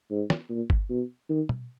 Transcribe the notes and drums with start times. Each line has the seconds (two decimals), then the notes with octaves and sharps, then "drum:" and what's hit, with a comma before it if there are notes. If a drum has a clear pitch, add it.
0.11 G#2
0.30 drum: snare
0.50 A#2
0.70 drum: kick G1
0.90 B2
1.30 D#3
1.49 drum: tom